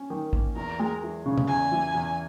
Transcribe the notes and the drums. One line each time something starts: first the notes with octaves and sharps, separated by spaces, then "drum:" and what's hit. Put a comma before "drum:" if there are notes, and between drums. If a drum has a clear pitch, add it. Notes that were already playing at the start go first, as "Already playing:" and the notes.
Already playing: C#4
D#3
A#3, drum: kick
E2 A#4
G#3
E3
C#3
drum: tom
E2 G#5
E3
E2